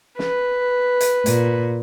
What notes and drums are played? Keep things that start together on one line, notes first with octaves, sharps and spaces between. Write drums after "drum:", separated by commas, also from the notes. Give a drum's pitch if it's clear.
B4, drum: snare
drum: hi-hat
A#2, drum: hi-hat